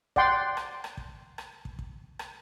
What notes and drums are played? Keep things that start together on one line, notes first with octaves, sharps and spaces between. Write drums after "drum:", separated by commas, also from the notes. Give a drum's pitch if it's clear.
D5 F#5 G5 C6, drum: kick
drum: rim click
drum: rim click
drum: kick
drum: rim click
drum: kick
drum: kick
drum: rim click